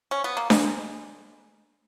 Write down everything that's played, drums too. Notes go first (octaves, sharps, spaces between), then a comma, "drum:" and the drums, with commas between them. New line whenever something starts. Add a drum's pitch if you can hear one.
C#4
B3
A#3
G#3, drum: snare D4